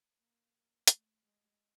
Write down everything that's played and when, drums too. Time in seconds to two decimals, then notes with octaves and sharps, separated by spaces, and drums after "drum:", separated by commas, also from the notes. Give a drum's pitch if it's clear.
0.17 A#3
0.88 A3, drum: hi-hat
1.24 G#3